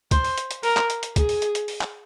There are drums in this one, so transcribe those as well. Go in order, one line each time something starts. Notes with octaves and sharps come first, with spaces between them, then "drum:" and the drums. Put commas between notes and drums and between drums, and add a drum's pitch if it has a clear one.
C5, drum: kick, hi-hat
drum: open hi-hat
drum: hi-hat
drum: hi-hat
A#4, drum: open hi-hat
drum: clap
drum: hi-hat
drum: hi-hat
G#4, drum: kick, hi-hat
drum: open hi-hat
drum: hi-hat
drum: hi-hat
drum: open hi-hat
drum: clap